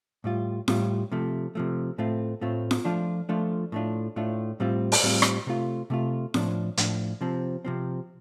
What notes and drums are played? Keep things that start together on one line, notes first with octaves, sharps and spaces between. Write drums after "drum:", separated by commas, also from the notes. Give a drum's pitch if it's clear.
A2 G3 F4
A2 G3 F4, drum: snare F4
C3 F3 A3
C3 F3 A3
A2 A3 C4 F4
A2 A3 C4 F4
drum: snare F4
F3 A3 D4 F4
F3 A3 D4 F4
A2 A3 D4 F4
A2 A3 D4 F4
A2 G3 C4 F4
drum: open hi-hat
A2 G3 C4 F4
drum: rim click
C3 A3 F4
C3 A3 F4
A2 F3 D4, drum: snare F4
A2 F3 D4, drum: hi-hat
C3 F3 C4
C3 F3 C4